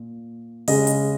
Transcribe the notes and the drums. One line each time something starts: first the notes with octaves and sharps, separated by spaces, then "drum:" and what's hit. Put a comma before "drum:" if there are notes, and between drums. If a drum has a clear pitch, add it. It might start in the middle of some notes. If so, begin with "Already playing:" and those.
Already playing: A#2
C#3 G#3 C#4 D#5, drum: open hi-hat
drum: hi-hat